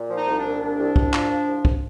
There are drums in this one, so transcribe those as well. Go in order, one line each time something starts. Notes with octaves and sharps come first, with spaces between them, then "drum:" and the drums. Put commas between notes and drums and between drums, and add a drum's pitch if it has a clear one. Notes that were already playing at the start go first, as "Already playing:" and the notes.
Already playing: A#2
F3
D#4
C2
D4
A#2
C2 D4
C2
C2, drum: kick
F3, drum: clap
F3
C2
drum: kick